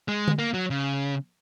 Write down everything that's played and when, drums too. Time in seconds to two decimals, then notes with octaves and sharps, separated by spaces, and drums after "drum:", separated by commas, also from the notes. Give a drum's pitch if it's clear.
0.08 G#3
0.28 drum: tom D3
0.39 A#3
0.54 F#3
0.70 C#3